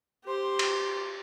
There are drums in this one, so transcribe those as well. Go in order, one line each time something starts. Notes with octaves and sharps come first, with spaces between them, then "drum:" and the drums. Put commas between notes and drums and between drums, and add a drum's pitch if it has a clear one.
G4 C5
drum: cymbal